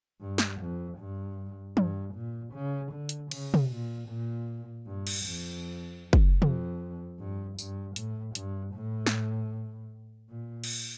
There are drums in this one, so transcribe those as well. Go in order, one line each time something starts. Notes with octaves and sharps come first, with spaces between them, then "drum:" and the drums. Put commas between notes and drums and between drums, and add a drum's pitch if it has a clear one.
G2
drum: snare
F2
G2
G2, drum: tom
A#2
C#3
D3
drum: hi-hat
C#3, drum: cymbal
drum: tom
A#2
A#2
G2
drum: cymbal
F2
drum: kick
F2, drum: tom
G2
G2, drum: tambourine
A2, drum: hi-hat
G2, drum: hi-hat
A2
drum: snare
A#2
drum: cymbal